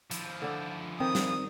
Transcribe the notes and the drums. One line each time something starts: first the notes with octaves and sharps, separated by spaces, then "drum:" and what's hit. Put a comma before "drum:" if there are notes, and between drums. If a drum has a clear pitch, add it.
F3 E4, drum: hi-hat
D3 D4 A4
D#3 C4 D#6
drum: snare